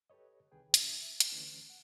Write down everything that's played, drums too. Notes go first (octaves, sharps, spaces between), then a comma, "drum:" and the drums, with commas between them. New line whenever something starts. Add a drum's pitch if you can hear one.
G4 A4 B4 C#5 D#5
C2 D#3 G#4 B4 G5
B2 D4 E5, drum: hi-hat
E5
drum: hi-hat
D3 E3 A3 C#4 E4 B4
F#5